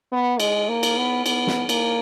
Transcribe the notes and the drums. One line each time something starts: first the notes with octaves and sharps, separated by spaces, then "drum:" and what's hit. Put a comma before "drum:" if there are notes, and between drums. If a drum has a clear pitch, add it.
B3
G#3, drum: cymbal
A#3
drum: cymbal
B3
B3, drum: cymbal
drum: snare
A#3, drum: cymbal